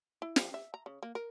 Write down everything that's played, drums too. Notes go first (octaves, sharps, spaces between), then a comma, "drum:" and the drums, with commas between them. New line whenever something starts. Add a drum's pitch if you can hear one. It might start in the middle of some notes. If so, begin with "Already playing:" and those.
E4
F3, drum: snare
E5
A#5
C#3
A#3
A#4